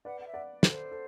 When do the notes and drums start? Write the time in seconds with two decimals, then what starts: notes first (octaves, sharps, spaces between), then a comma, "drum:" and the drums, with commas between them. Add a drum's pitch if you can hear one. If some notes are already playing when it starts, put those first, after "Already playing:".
0.05 B4 D5 F#5
0.21 F#5
0.27 E5
0.34 D5 F#5
0.63 A4, drum: snare
0.70 C5
0.92 A4